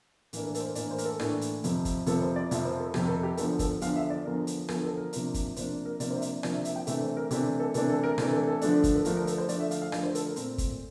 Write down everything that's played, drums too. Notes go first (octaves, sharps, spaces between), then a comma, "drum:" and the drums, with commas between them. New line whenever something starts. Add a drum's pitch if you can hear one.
A2 E3 A#3 D4 A#4, drum: hi-hat
A4
A4, drum: hi-hat
C5
A#4
A2 E3 A#3 D4 D5, drum: hi-hat
C5
A#4, drum: hi-hat
A4
A2 E3 A#3 D4, drum: rim click
drum: hi-hat
F2 C3 F3, drum: hi-hat
drum: kick, hi-hat
F2 C3 F3 A4, drum: hi-hat
C5
D5
F2 C3 F3 E5, drum: hi-hat
C5
A4
F2 C3 F3 G4, drum: rim click
A4
G4
E2 D3 F3 A4, drum: hi-hat
A4, drum: kick, hi-hat
E2 D3 F3 F5, drum: hi-hat
E5
D5
E2 D3 F3 A#4
drum: hi-hat
E2 D3 F3 A4, drum: rim click
A4
A#4
C3 F3 A#3 D4, drum: hi-hat
drum: kick, hi-hat
C3 F3 A#3 D4 C5, drum: hi-hat
A#4
C3 F3 A#3 D4 D5, drum: hi-hat
C5
E5
D5, drum: hi-hat
C3 F3 A#3 D4 D5, drum: rim click
E5
E5, drum: hi-hat
G5
C3 E3 A3 D4 E5, drum: hi-hat
C5
A#4
C3 E3 A3 D4 G4, drum: hi-hat
A4
C3 E3 A3 D4 A4, drum: hi-hat
A4
A#4
C3 E3 A3 D4 A#4, drum: rim click
A4
A4
D3 F3 A3 D4, drum: hi-hat
drum: kick, hi-hat
A4
D3 F3 A3 D4 A#4, drum: hi-hat
A#4
A4, drum: hi-hat
C5
D3 F3 A3 D4 D5, drum: hi-hat
E5
F5, drum: hi-hat
F5
D3 F3 A3 D4 D5, drum: rim click
C5
A4, drum: hi-hat
A#4
A#2 A3 C4, drum: hi-hat
drum: kick, hi-hat